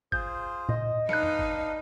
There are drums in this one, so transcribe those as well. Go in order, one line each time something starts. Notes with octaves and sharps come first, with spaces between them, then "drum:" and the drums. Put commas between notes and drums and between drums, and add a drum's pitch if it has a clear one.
F4 G#4 C5 G6, drum: kick G1
A#2 D#5
D4 D#4 B4 F5 F#6 C#7, drum: snare
drum: tom F2
drum: kick G1